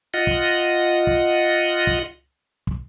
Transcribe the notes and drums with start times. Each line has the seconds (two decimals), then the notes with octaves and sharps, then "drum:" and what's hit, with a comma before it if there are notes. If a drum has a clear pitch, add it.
0.14 F4 D#5 F#5
0.27 drum: kick
1.07 drum: kick
1.87 drum: kick
2.67 drum: kick